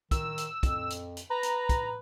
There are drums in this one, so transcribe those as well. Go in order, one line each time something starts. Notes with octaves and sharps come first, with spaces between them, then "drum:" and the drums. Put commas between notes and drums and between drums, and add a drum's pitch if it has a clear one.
D#3 E6, drum: kick, hi-hat
drum: hi-hat
F2, drum: kick, hi-hat
drum: hi-hat
drum: hi-hat
B4 A#5
drum: hi-hat
drum: kick, hi-hat